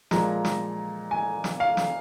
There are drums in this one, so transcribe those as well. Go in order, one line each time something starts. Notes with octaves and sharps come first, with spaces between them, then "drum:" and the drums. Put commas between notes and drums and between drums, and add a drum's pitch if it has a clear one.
A#2 F3 G#3 A#5, drum: snare
drum: snare
G#5
drum: snare
F5
drum: snare